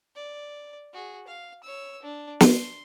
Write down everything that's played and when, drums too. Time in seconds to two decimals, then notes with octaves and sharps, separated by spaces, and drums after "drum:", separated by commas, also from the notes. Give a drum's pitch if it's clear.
0.16 D5
0.94 F#4 G#4
1.27 F5
1.63 C#5 E6
2.02 D4
2.40 C6, drum: snare